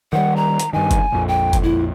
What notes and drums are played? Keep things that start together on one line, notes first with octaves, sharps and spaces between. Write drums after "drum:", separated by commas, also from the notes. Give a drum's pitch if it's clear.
D#3 F3 G3 F#5
A#5
drum: hi-hat
G2 D#3 G#5
drum: kick F#1, hi-hat
A#1 F2
G5
drum: kick F#1, hi-hat
E4